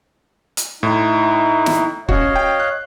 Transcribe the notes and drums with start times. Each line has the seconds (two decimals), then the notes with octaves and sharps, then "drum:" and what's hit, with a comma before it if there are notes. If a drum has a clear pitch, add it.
0.57 drum: hi-hat
0.83 A2 D#4 E4
1.66 drum: snare
2.09 C#4 F#4 C#5 D#5 F5, drum: kick
2.36 G5
2.60 F#6